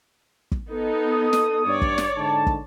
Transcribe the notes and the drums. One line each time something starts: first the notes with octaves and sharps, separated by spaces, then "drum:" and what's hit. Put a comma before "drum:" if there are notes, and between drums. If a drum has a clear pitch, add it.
drum: kick
B3 D#4 A4
D#6
drum: snare
G2 C#5 D5
drum: kick
drum: snare
G#2 D3 A5
drum: kick